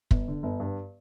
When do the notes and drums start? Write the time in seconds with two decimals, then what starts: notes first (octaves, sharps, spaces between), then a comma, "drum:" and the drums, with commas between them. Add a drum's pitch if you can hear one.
0.11 G1, drum: kick
0.28 D3
0.43 G1
0.60 G2